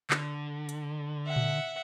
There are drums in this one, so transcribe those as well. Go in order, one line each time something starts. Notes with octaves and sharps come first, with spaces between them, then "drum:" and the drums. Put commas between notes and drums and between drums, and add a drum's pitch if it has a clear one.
D3, drum: clap
drum: hi-hat
E5 F#5
drum: tom A#2